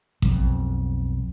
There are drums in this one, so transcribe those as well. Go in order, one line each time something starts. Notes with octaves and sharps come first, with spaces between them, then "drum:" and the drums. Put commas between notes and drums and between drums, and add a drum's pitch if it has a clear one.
B1 F2, drum: kick A1